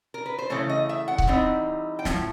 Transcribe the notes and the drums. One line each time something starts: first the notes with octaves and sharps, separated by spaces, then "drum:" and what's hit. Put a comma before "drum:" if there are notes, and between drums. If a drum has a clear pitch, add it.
A#4
B4
C5
C#3 E3 A3 C#5
D#5
E5
F#5
drum: kick C#1
E3 G3 C4 D#4
G5
A2 F3, drum: snare